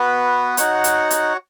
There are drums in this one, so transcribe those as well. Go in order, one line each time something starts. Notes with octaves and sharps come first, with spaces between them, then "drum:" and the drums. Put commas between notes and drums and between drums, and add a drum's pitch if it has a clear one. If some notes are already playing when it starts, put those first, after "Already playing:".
Already playing: B3 F#4 B4
D#4 F#4 C#5 F#5, drum: hi-hat
drum: hi-hat
drum: hi-hat